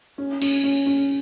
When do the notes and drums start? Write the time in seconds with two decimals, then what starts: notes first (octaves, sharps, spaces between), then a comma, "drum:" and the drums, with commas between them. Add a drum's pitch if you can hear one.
0.18 C#4
0.41 C#4, drum: cymbal
0.64 C#4
0.86 C#4